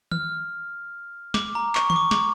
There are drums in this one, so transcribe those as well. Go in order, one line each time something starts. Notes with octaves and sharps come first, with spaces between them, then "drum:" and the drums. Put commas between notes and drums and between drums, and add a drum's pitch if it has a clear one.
F6, drum: tom D#3
D6, drum: snare
A#5
C#6, drum: clap
C#6, drum: tom D#3
D6
D6, drum: snare